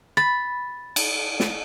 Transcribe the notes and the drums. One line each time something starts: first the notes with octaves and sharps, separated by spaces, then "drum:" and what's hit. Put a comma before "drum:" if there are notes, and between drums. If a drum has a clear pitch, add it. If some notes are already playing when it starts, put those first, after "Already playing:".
B5 A6
drum: cymbal
drum: snare